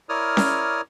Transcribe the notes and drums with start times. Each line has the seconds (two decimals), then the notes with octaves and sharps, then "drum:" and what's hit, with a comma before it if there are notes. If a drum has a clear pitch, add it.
0.09 E4 A#4 C#5 D5 D#6 F6
0.37 drum: snare C#4